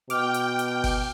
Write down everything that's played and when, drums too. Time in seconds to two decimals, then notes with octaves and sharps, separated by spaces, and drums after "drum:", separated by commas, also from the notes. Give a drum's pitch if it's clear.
0.10 B2 G5 D6 F6, drum: hi-hat
0.35 drum: hi-hat
0.59 drum: hi-hat
0.84 drum: kick F#1, open hi-hat